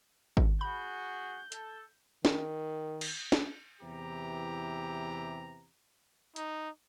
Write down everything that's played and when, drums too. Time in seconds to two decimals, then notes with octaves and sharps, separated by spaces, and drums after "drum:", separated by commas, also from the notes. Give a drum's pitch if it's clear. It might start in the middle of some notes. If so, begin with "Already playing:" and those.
0.37 drum: kick G#1
0.61 F#4 G#4 F#5 B5 G6
1.52 A4, drum: hi-hat
2.25 D#3, drum: snare
3.01 drum: cymbal
3.32 drum: snare
3.82 E2 C3 E3 G4 A#5
6.36 D#4, drum: hi-hat